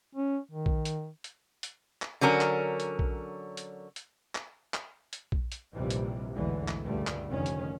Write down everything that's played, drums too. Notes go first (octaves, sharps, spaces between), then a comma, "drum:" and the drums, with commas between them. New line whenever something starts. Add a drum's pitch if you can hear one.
C#4
D#3
drum: kick A#1
drum: hi-hat
drum: hi-hat
drum: hi-hat
drum: clap
D3 F#3 C#4 A#4
drum: clap
drum: hi-hat
drum: kick A#1
drum: hi-hat
drum: hi-hat
drum: clap
drum: clap
drum: hi-hat
drum: kick A#1
drum: hi-hat
A#1 D#2 C3 E3 G3
drum: hi-hat
B1 E2 A2 D3 E3 G#3
drum: clap
C#2 G2 A#2 D3 G3 A3
drum: clap
F1 D3 D#3 C#4
drum: hi-hat